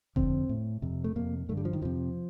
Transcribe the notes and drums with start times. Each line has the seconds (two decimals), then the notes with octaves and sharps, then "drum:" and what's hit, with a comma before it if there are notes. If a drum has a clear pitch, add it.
0.16 F2 D3 C4, drum: kick F1
0.49 A2
0.82 F2 C3
1.04 A3
1.16 F2 C3 A#3
1.49 G2 D3 A3
1.57 G3
1.65 F3
1.73 D#3
1.82 F2 C3 F3